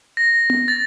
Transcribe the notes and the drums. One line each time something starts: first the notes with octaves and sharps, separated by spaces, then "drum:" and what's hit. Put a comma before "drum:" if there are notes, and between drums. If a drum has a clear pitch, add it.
A#6
drum: tom B3
A6